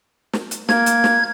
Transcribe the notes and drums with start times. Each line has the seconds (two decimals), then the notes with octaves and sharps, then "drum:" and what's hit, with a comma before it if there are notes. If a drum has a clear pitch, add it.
0.33 drum: snare
0.51 drum: hi-hat
0.69 A#3 G#6, drum: snare
0.86 drum: hi-hat
1.04 drum: snare